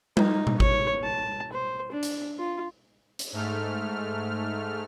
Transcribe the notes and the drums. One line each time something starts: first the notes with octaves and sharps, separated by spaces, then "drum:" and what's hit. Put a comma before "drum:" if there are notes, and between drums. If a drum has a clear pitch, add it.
D#4, drum: tom G3
drum: tom B2
C#5, drum: kick G#1
A5
C5
D4
drum: hi-hat
F4
drum: hi-hat
G#2 A3 F6